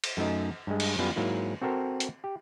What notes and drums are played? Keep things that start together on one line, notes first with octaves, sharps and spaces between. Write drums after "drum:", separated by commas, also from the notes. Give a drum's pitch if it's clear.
drum: cymbal
F#2 A3 D#4 D#5
G2 G#3
drum: cymbal
F#2 G3 B3 F4 B4 F5
G#2 F#3 A#3 E4
C4 F#4 A4 A#4 C5
drum: hi-hat
G4